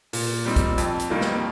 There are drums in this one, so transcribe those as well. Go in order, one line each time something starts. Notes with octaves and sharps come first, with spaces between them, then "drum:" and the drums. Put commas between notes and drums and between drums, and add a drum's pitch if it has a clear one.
A#2, drum: open hi-hat
G3 C4 D#4
drum: kick, hi-hat
F2, drum: hi-hat
drum: hi-hat
D#3 G3 A#3
drum: snare